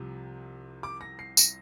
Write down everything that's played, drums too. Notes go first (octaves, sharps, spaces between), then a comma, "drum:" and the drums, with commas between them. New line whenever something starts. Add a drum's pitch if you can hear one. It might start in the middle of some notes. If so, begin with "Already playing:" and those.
Already playing: C2 C3 F3
D6
A#6
C7
A#6, drum: tambourine